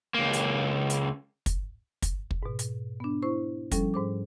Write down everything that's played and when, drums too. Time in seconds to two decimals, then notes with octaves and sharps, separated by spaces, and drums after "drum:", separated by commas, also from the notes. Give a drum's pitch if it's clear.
0.14 C#2 A#3
0.33 drum: hi-hat
0.90 drum: hi-hat
1.46 drum: kick, hi-hat
2.02 drum: kick, hi-hat
2.31 drum: kick
2.43 G#2 B2
2.59 drum: hi-hat
3.00 B3 D4
3.22 E4 C5 C#6
3.71 F3 G3 C#4 A4, drum: kick, hi-hat
3.94 G#2 C5 D6